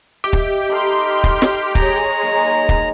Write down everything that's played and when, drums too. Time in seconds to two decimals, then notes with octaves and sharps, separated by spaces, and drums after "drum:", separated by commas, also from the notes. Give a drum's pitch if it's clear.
0.24 G4 D#5 E5
0.33 drum: kick
0.69 D#4 A4 D#5 B5 C6 F6
1.24 drum: kick
1.42 drum: snare
1.75 G#3 G#4 C#5 A#5, drum: kick
2.22 D#3 F#3 A#3
2.69 drum: kick